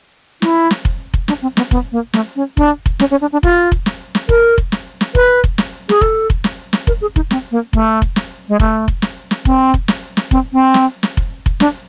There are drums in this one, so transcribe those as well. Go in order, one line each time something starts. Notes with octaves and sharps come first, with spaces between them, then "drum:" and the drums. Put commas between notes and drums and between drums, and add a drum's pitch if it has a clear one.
E4, drum: snare
drum: snare
drum: kick F1
drum: kick F1
D4, drum: snare
C4
B3, drum: snare
B3, drum: kick F1
A#3
A3, drum: snare
C#4
D4, drum: kick F1
drum: kick F1
C#4, drum: snare
C#4
D4
D4
F4, drum: kick F1
drum: kick F1
drum: snare
drum: snare
A#4, drum: kick F1
drum: kick F1
drum: snare
drum: snare
B4, drum: kick F1
drum: kick F1
drum: snare
G#4, drum: snare
A4, drum: kick F1
drum: kick F1
drum: snare
drum: snare
A#4, drum: kick F1
G#4
D#4, drum: kick F1
C4, drum: snare
A#3
A3, drum: kick F1
drum: kick F1
drum: snare
G#3
A3, drum: kick F1
drum: kick F1
drum: snare
drum: snare
C4, drum: kick F1
drum: kick F1
drum: snare
drum: snare
C4, drum: kick F1
C4
drum: snare
drum: snare
drum: kick F1
drum: kick F1
D4, drum: snare